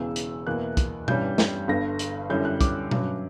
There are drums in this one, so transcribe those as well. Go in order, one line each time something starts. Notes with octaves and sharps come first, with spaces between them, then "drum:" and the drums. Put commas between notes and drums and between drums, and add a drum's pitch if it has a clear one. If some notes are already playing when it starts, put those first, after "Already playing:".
Already playing: E1 E2 C#3 E3 E6
drum: hi-hat
E2 B2 A#3 E4 F#6
drum: kick, hi-hat
G2 E3 G3 C#4 G6, drum: tom B2
drum: snare
G1 G2 D3 A#6
drum: hi-hat
F#2 D3 G3 C#4 E4 G6
F#6
D6, drum: kick, hi-hat
G2 F#3 C#4, drum: tom B2